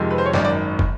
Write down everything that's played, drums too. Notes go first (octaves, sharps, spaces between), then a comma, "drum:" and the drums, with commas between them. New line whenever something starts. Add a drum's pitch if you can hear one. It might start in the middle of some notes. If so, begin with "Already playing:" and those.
Already playing: F2 C3 D#3 G#3
B4
C5
C#5
G#1 F#2 D#3 D5, drum: snare
D5
drum: kick